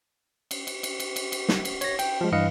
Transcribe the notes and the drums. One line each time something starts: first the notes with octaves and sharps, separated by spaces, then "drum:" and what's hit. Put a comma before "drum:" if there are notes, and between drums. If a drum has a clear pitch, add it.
drum: cymbal
drum: cymbal
drum: cymbal
drum: cymbal
drum: cymbal
drum: cymbal
drum: snare
drum: cymbal
C#5 A#6, drum: cymbal
G5, drum: cymbal
F3 G#3
G2 E3 B4 D#5 F5 C#7